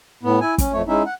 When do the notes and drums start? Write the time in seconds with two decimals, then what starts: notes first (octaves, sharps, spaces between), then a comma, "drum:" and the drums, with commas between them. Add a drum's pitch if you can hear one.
0.23 A2 B3
0.41 E4 G#5
0.58 C#4, drum: kick, hi-hat
0.72 F2 A3 C#5
0.88 G#3 C#4 D#4 E4 E5
1.06 F#5